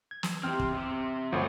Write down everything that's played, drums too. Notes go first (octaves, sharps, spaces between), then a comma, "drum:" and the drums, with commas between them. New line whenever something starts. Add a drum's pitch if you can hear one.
G#6
drum: snare
E2 C4 G4 G5 F6
drum: kick
C3 C4
G1 D2 A2 F3 F#5